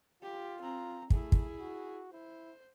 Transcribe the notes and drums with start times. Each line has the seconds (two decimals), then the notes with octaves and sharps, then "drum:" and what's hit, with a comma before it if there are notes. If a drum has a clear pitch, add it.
0.23 F4 G4
0.62 C4 A#5
1.10 A3 E4 G#4, drum: kick
1.32 drum: kick
1.60 F#4
2.13 E4 C5